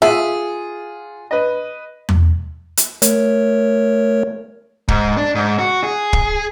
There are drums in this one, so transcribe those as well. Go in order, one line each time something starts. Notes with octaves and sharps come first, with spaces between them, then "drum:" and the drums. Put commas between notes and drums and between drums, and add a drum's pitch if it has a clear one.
F4 G#4 E5 F#5 D#7 F#7
B4 D#5
drum: tom E2
drum: hi-hat
A3 A#4 C#5, drum: hi-hat
G#2, drum: kick
D4
G#2
F#4
G#4
drum: kick